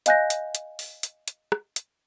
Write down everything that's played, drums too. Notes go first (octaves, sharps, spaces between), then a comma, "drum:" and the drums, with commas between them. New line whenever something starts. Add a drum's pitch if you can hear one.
D#5 F5 G#5 F#6 G6 A#6, drum: hi-hat
drum: hi-hat
drum: hi-hat
drum: open hi-hat
drum: hi-hat
drum: hi-hat
drum: rim click
drum: hi-hat